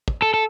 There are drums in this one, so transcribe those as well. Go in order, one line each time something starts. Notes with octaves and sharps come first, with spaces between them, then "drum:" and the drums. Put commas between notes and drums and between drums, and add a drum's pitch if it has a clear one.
drum: kick
A4
A4